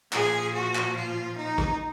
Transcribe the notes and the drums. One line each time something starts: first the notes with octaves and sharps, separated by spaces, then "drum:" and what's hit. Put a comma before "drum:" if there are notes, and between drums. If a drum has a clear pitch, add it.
A#2 F3 G#4, drum: clap
F#4
drum: clap
F4
D#4
drum: kick